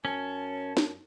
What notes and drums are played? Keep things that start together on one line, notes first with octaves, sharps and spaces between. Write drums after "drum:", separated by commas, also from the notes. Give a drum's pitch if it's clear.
F#2 C#4 A5
drum: snare